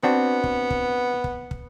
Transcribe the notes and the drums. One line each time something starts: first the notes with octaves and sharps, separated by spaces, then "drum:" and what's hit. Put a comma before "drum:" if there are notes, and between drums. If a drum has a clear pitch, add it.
B3 C4 D4 F#4
drum: kick
drum: kick
drum: kick
drum: kick